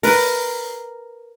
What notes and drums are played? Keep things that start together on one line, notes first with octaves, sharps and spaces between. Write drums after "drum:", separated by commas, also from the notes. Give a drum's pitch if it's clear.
A#4 B4, drum: open hi-hat